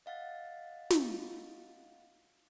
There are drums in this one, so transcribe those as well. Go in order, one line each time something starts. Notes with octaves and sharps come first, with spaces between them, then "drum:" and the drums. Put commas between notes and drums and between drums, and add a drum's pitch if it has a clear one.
D#5 F5 F#5 A6
drum: snare